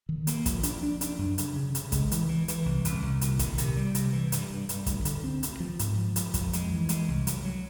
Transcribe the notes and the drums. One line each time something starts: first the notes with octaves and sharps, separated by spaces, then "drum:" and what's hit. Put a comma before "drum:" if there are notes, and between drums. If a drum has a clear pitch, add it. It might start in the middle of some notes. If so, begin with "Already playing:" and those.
D#3
A#3, drum: hi-hat
F3, drum: kick, hi-hat
D4, drum: hi-hat
D4
D4, drum: hi-hat
F#2
C#3, drum: hi-hat
C#3
C#3, drum: hi-hat
G#3, drum: kick, hi-hat
E3, drum: hi-hat
E3
E3, drum: hi-hat
C2
C2, drum: hi-hat
C2
A#2, drum: hi-hat
D#3, drum: kick, hi-hat
C3, drum: hi-hat
G3
C3, drum: hi-hat
E3
G2, drum: hi-hat
G2
G2, drum: hi-hat
D2, drum: kick, hi-hat
D3, drum: hi-hat
C4
D2, drum: hi-hat
F3
G#2, drum: hi-hat
F3
F3, drum: hi-hat
F2, drum: kick, hi-hat
G#3, drum: hi-hat
E3
G#3, drum: hi-hat
C2
F#3, drum: hi-hat
F#3